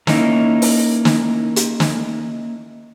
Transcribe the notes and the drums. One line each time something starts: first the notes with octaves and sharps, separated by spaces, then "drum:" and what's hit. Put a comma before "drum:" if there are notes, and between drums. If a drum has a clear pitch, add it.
A#3 C#4 D#4 E4, drum: snare
drum: open hi-hat
drum: snare
drum: hi-hat
drum: snare